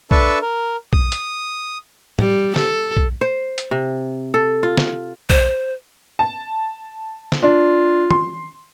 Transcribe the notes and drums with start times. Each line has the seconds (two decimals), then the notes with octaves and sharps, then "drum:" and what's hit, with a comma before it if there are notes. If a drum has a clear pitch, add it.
0.11 D4 A4 B4 E5 A5 C#6, drum: kick B1
0.42 A#4
0.93 D#6, drum: kick B1
1.12 drum: hi-hat
2.19 G3, drum: tom
2.56 A4, drum: snare
2.97 drum: kick B1
3.21 C5
3.58 drum: hi-hat
3.71 C3
4.34 A4
4.63 F4
4.77 drum: snare
5.30 C5, drum: kick B1
6.19 A5
7.32 drum: snare
7.43 D4 F4
8.11 C6, drum: tom